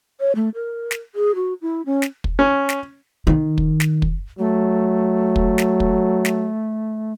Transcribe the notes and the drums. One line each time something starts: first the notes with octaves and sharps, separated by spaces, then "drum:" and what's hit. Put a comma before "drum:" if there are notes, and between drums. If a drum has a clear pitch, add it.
C#5
A3
A#4
drum: snare
G#4
F#4
E4
C#4
drum: snare
drum: kick
C#4
drum: snare
D#3
drum: kick
drum: snare
drum: kick
F#3 A3
drum: kick
drum: snare
drum: kick
drum: snare